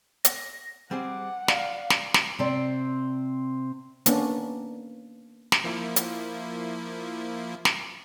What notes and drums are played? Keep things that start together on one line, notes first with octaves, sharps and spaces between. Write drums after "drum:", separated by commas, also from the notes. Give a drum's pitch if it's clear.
A#6, drum: hi-hat
G3 C4 G#4 F#5 D6
D5 F5, drum: snare
drum: snare
drum: snare
C3 C4 D5
A#3 B3 C#4 D4, drum: hi-hat
drum: snare
F3 A#3 E4
drum: hi-hat
drum: snare